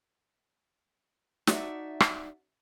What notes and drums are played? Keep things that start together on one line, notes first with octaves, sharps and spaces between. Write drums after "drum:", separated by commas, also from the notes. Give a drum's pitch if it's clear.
D#4 F#4 D5 E5 G#5 A5, drum: snare
drum: rim click